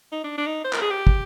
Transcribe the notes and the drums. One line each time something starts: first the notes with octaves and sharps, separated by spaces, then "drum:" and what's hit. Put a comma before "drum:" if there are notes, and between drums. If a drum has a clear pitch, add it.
D#4
D4
D4
D#4
C5
A#4, drum: clap
G#4
G4
drum: kick